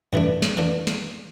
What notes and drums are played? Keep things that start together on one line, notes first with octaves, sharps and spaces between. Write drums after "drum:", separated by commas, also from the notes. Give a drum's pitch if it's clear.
G2 E3 A3 D4, drum: tom G2
drum: snare
E3 A3 D4
drum: snare